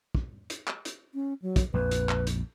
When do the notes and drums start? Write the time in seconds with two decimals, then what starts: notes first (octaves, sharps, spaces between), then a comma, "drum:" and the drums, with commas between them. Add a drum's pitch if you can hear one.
0.15 drum: kick
0.50 drum: hi-hat
0.68 drum: clap
0.85 drum: hi-hat
1.14 C#4
1.42 F#3
1.56 drum: kick, hi-hat
1.74 A#1 F2 B4
1.91 drum: hi-hat
2.09 drum: clap
2.27 drum: hi-hat